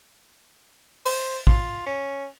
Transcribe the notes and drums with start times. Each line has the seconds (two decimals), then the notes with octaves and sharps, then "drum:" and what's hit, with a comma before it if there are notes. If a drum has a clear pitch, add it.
1.06 C5, drum: open hi-hat
1.47 F4, drum: kick
1.86 C#4